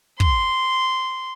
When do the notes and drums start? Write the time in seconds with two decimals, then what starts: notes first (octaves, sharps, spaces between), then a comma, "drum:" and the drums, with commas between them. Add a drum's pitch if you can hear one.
0.20 C6, drum: kick